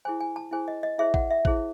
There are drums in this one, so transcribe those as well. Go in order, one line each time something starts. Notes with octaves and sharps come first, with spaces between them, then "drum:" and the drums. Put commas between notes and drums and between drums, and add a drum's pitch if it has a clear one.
E4 G#4 C5 G#5
G#5
A5
E4 G#4 C5 G#5
D#5
D#5
E4 G#4 C5 E5
F#5, drum: kick
E5
E4 G#4 C5, drum: kick